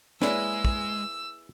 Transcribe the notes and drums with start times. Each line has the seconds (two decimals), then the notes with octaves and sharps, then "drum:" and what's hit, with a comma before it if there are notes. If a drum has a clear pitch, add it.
0.22 G#3 A#3 E4 G#4 B4 C#5 D5 E6, drum: snare
0.65 drum: kick